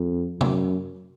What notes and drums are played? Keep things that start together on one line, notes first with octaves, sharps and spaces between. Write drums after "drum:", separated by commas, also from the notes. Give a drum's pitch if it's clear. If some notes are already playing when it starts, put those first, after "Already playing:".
Already playing: F2
F#2, drum: tom C3